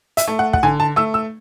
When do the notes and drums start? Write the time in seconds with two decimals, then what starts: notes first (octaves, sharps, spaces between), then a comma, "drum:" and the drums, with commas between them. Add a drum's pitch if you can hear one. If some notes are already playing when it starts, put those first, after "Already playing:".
0.17 E5, drum: hi-hat
0.28 A3
0.39 F#5
0.53 F#5, drum: kick
0.63 D3 G#5
0.80 A5
0.96 A3 E6
1.14 E6